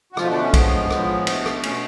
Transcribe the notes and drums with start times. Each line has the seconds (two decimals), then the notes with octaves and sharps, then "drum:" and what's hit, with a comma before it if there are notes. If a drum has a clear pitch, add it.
0.12 F#4
0.17 B2 F3 A3 F4, drum: rim click
0.30 D3 D4
0.43 C#4
0.54 A2 F3 G#3 B3, drum: kick, cymbal
0.90 A2 F3 G#3, drum: rim click
1.27 B2 A3, drum: cymbal
1.46 drum: rim click
1.63 B2 A3 C#4, drum: cymbal